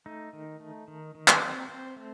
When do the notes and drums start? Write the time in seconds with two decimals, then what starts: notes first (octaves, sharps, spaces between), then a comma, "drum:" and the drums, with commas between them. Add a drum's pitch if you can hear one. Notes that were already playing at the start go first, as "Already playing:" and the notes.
0.06 A3 D#4
0.33 D#3
0.60 A3
0.88 D#3
1.15 D#3
1.28 drum: clap
1.42 C4
1.68 C4 C5
1.96 A3